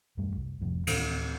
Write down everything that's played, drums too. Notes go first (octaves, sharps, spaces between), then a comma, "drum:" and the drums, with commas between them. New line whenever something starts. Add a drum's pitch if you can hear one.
D#1 F#2 G3 A3
C2
F1 C2 F2 A2
D2 A2 D#3 E3, drum: cymbal